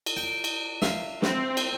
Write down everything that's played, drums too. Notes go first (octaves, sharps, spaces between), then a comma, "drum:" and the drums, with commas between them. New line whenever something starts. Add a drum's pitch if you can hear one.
drum: cymbal
G5
drum: cymbal
E5 F5, drum: snare
C4, drum: snare
drum: cymbal